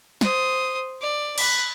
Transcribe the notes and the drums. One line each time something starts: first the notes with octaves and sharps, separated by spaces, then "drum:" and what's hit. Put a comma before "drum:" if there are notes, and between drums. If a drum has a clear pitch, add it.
C5 D#6, drum: snare
D5
B5 F#6, drum: cymbal